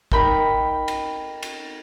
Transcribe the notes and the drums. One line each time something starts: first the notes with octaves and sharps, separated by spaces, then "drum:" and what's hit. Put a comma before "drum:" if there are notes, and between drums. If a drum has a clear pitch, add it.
D#4 A#4 G5 B5, drum: kick
drum: cymbal
drum: cymbal